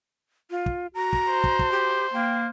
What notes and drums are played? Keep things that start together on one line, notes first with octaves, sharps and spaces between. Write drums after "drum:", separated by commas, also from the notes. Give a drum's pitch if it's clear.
F4
drum: kick
F#4 A#5
drum: kick
C5
drum: kick
drum: kick
G4
A#3 G5